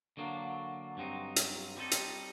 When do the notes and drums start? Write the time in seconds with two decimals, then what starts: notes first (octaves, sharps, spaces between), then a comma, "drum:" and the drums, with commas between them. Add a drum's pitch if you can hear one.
0.17 D3 F#3 A#3 D4
0.97 G2 F#3 C4 D#4
1.36 drum: hi-hat
1.77 G3 C4 D#4 A4
1.91 drum: hi-hat